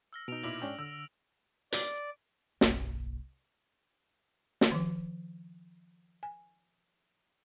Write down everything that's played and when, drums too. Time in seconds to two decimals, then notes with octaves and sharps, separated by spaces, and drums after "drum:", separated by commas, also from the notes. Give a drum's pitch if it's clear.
0.13 E6 F6 A#6
0.28 B2 D#4 D7 F7
0.43 A#2 E4 D6 F#7
0.62 G#2 C#4 D4 G5
0.79 D3 E6
1.72 D5, drum: hi-hat
2.61 F#1 B1, drum: snare
4.61 drum: snare
4.72 D#3 F3
6.23 G#5